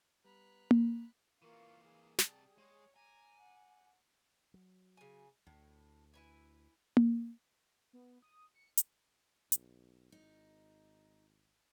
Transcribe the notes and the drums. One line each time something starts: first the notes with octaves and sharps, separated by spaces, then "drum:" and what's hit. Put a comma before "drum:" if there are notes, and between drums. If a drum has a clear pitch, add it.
G3 B3 A#5 B5 F#6
drum: tom A#3
E3 A#3 F4 A#4 F5 C#6
G#4 D#6
C3 G3 A5, drum: snare
G#3 C#5
G#5 A#5 D6
F#5
F#3
C#3 G#5
D2 A2
E4 B4 G#5
drum: tom A#3
B3
D#6
C#7
drum: hi-hat
B1, drum: hi-hat
G#1 D#4